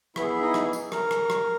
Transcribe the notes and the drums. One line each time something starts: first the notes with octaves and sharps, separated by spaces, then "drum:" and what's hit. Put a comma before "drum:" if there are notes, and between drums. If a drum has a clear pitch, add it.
B3 E4 G#4 E5, drum: rim click
D#4 D#5
drum: rim click
drum: tambourine
A#4, drum: rim click
drum: rim click
drum: rim click